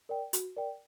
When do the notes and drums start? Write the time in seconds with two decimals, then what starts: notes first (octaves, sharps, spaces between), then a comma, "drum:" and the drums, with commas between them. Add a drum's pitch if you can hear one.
0.09 A#4 D5 G5
0.33 F#4, drum: hi-hat
0.56 A#4 D5 G5